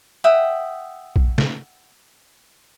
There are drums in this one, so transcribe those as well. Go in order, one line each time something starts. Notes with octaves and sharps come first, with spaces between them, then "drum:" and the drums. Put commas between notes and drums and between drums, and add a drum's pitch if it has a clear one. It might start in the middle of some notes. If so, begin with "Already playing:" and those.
E5 F#5 G5 D#6
drum: kick A#1
drum: snare